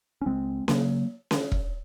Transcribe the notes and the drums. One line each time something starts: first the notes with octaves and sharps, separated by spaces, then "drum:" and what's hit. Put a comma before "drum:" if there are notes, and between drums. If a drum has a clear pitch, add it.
C#4
C#2 G#3 C4
C#3 F#3 A#3, drum: snare C#4
drum: snare C#4
drum: kick E1